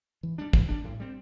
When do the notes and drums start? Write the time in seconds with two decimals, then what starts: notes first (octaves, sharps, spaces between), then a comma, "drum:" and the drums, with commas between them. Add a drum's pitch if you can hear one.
0.23 E3
0.38 G3 D4
0.53 E3, drum: kick
0.69 G3 D4
0.84 A2
1.00 G3 C4